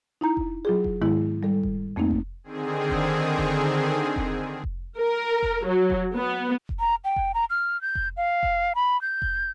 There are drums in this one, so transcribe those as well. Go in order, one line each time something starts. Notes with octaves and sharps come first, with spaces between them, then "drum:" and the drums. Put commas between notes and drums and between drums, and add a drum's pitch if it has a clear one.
D#4 E4 A#5
drum: kick F1
F#3 F4 G#4
drum: kick F1
G#2 D#3 G#3 B3 E4
G3 A4
drum: kick F1
F2 A3 A#3 C4 D#4
drum: kick F1
D3 D#3 C4 G#4
drum: kick F1
drum: kick F1
drum: kick F1
drum: kick F1
A#4
drum: kick F1
F#3
drum: kick F1
B3
drum: kick F1
A#5
G5
drum: kick F1
A#5
F6
G6
drum: kick F1
F5
drum: kick F1
B5
G6
drum: kick F1